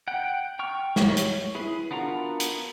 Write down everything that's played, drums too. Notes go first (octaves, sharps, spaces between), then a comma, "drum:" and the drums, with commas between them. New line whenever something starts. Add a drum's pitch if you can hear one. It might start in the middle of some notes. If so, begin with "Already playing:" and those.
F#5 G5
G5 C#6 F6
C#5, drum: snare
drum: hi-hat
E4 G#4 B4
B3 D4 F4 F#4 A#4
drum: hi-hat